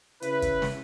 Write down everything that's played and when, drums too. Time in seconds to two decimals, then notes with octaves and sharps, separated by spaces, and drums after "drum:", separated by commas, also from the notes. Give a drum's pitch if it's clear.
0.22 C#3 E4 B4, drum: hi-hat
0.42 drum: kick, hi-hat
0.62 drum: snare